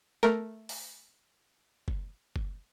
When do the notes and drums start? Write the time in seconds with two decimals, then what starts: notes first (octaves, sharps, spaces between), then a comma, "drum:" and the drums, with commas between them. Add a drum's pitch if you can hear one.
0.23 A3 A#4, drum: snare
0.69 drum: open hi-hat
1.88 drum: kick F#1
2.36 drum: kick F#1